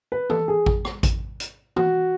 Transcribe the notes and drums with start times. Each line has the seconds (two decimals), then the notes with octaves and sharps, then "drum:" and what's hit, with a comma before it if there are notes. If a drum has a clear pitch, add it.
0.12 B4
0.30 A4, drum: tom
0.48 G#4
0.66 drum: kick A1
0.85 drum: rim click
1.03 drum: kick A1, hi-hat
1.40 drum: hi-hat
1.76 F#4, drum: tom